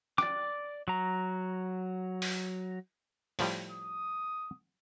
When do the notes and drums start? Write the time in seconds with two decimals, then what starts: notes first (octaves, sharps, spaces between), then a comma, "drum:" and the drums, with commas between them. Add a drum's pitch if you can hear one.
0.18 D5 D6, drum: rim click
0.88 F#3 A#5
2.22 drum: open hi-hat
3.39 A2 F3 G3, drum: open hi-hat
3.70 D#6